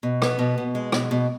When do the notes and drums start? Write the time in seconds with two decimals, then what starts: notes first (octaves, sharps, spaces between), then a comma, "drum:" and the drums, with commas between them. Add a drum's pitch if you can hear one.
0.03 B2
0.22 B3, drum: rim click
0.39 B2
0.58 B2
0.75 G#3
0.92 B2, drum: rim click
1.11 B2